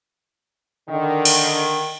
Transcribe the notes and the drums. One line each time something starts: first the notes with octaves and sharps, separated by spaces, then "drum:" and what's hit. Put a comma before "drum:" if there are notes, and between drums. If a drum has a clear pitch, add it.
D3 D#3
drum: cymbal